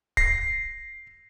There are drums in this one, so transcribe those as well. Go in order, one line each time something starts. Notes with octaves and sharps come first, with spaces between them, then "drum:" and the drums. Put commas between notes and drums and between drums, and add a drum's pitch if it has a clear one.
A#6 C7, drum: kick